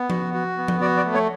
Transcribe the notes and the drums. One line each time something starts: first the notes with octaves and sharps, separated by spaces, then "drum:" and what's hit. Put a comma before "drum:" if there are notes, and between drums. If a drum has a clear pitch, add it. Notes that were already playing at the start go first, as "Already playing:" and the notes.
Already playing: B3
F#4, drum: tom F3
F#4
B3
drum: tom F3
F#4 D5
D5
A3
C#5